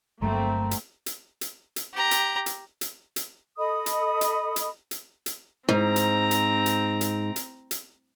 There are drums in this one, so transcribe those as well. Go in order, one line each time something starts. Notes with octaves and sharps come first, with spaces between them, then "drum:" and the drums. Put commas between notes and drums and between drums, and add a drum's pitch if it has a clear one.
G1 G2 F#3 A3 A#3 C4 A#5
drum: hi-hat
drum: hi-hat
drum: hi-hat
drum: hi-hat
G4 A#5
drum: hi-hat
drum: hi-hat
drum: hi-hat
drum: hi-hat
A4 D#5 B5 D#6
drum: hi-hat
drum: hi-hat
drum: hi-hat
drum: hi-hat
drum: hi-hat
G#2 C4 A#5
drum: hi-hat
drum: hi-hat
drum: hi-hat
drum: hi-hat
drum: hi-hat
drum: hi-hat